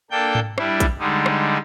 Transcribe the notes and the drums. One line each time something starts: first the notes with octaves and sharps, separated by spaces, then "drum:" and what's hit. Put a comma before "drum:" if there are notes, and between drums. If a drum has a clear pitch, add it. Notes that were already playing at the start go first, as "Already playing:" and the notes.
A#3 D4 A4 G5 G6
drum: tom G#2
G3 D4 E4, drum: rim click
drum: kick, hi-hat
D3 G3 G#3 D#4
drum: rim click